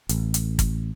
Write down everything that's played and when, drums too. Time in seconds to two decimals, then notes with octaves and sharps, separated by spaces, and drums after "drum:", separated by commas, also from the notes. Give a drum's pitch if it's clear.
0.09 A1, drum: hi-hat
0.34 drum: hi-hat
0.59 drum: kick, hi-hat